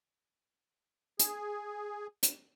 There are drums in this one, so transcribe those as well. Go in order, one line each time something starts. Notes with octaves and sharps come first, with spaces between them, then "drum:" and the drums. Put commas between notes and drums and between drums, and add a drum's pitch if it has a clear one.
G#4, drum: hi-hat
drum: hi-hat